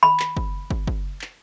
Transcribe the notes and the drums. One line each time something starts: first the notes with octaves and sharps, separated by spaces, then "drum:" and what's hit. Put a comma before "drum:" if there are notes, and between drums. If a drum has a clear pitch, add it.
B5
drum: clap
drum: kick
drum: kick
drum: kick
drum: clap